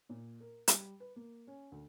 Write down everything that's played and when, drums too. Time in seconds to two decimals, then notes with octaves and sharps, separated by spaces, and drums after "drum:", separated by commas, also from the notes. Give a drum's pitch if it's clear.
0.09 A#2
0.41 A#4
0.68 G3, drum: hi-hat
1.00 B4
1.16 A#3
1.47 C#4
1.72 D2